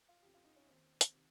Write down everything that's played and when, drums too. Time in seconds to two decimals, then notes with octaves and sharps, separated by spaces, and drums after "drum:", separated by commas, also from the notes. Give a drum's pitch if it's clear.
0.08 F4
0.23 F2 C#3 G4
0.34 F4
0.45 D#4
0.56 C#4
0.67 D#2 D#3 C4
1.01 drum: hi-hat
1.12 C3 D#3